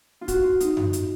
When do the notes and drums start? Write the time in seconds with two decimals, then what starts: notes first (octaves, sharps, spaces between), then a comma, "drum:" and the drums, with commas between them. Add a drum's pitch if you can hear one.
0.21 F4
0.28 F#4, drum: kick, hi-hat
0.44 F4
0.60 D#4, drum: hi-hat
0.77 drum: tom F#2
0.93 drum: hi-hat